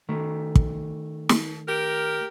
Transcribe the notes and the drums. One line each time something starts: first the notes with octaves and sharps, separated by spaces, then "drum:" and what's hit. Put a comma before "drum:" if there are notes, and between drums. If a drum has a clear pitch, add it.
D#3 A3
drum: kick
drum: snare
G4 A#4